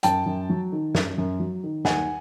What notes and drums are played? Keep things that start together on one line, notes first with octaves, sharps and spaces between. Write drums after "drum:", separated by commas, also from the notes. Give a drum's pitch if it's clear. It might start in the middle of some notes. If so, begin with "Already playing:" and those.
F#2 G5 A5, drum: hi-hat
F#2
F#3
D#3
F#2, drum: snare
F#2
F#3
D#3
D#2 F#5 G#5, drum: snare